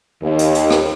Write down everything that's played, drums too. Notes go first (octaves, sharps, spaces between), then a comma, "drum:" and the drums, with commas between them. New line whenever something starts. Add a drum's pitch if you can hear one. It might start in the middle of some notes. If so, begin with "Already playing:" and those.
D#2
drum: hi-hat
drum: hi-hat
drum: rim click